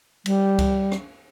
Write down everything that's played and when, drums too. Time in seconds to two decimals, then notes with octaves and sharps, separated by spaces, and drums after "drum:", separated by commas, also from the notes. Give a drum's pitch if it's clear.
0.26 G3, drum: cymbal
0.59 drum: kick C#2, cymbal
0.92 drum: rim click